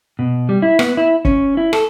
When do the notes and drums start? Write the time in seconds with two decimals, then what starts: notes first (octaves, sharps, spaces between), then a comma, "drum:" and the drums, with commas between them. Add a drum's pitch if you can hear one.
0.19 B2
0.49 G3
0.62 E4
0.79 B3, drum: rim click
0.97 E4
1.25 C#4, drum: kick
1.57 E4
1.73 A4, drum: rim click